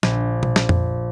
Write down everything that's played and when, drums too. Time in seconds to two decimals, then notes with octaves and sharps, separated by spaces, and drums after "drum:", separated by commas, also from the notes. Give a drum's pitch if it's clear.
0.03 A#1, drum: snare
0.43 drum: tom B2
0.56 drum: snare
0.69 drum: tom F2